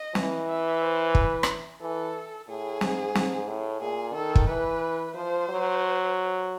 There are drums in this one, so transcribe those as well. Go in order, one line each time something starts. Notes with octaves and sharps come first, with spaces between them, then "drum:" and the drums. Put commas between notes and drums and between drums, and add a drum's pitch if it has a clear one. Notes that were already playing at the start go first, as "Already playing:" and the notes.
Already playing: D#5
E3, drum: snare
E5
C5
B4, drum: kick
drum: rim click
E3 A4
A2 G#4
G#2, drum: snare
G#2, drum: snare
A2
A#2 G#4
D#3 A4
drum: kick
E3 B4
F3 C5
F#3